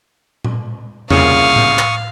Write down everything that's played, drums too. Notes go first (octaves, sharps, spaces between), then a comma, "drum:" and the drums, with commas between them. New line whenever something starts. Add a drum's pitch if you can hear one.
drum: tom A#2
C2 A#2 C#3 F5 C#6 D#6, drum: tom E2
drum: tom A2
drum: clap